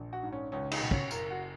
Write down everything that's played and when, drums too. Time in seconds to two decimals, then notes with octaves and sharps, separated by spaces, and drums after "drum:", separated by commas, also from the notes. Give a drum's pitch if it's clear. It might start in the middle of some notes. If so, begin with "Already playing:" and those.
Already playing: A#1
0.13 F#4
0.23 G#2
0.32 C#4
0.52 C#2 C#4
0.71 D#4, drum: cymbal
0.82 B2
0.91 C#4, drum: kick
1.11 F#1 A#4, drum: tambourine
1.31 F#4